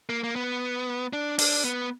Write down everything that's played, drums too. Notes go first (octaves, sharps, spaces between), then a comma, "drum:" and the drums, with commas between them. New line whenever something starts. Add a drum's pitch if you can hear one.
A#3
A#3
B3
D4
D4, drum: open hi-hat
B3